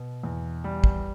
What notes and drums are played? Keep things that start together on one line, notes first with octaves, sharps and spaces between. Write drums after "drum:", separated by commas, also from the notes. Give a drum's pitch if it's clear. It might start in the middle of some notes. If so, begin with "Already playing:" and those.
Already playing: B2
E2
G3
drum: kick